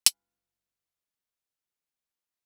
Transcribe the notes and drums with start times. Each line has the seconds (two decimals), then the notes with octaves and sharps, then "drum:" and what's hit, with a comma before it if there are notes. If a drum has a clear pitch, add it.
0.06 F#1 G3 C#4 F4 B4 G#5, drum: hi-hat